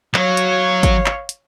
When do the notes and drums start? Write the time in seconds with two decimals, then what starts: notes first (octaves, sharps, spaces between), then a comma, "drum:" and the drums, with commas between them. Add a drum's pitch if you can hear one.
0.14 F#3 C#5 F5, drum: clap
0.37 drum: hi-hat
0.83 drum: kick G#1, hi-hat
1.06 drum: clap
1.29 drum: hi-hat